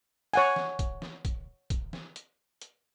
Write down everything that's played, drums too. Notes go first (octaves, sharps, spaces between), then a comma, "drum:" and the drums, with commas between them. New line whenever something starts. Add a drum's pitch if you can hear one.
C#5 F#5 G#5, drum: open hi-hat
drum: snare
drum: kick, hi-hat
drum: snare
drum: kick, hi-hat
drum: kick, hi-hat
drum: snare
drum: hi-hat
drum: hi-hat